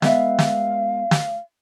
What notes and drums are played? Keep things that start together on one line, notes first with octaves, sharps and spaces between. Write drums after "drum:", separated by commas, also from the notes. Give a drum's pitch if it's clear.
G#3 B3 E5 F5, drum: snare
drum: snare
drum: snare